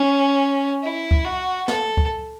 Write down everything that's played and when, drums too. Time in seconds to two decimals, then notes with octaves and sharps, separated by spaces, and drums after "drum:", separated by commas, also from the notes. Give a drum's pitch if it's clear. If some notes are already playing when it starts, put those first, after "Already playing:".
Already playing: C#4
0.83 E4
1.11 drum: kick C#2
1.25 F#4
1.68 A4, drum: snare
1.97 drum: kick C#2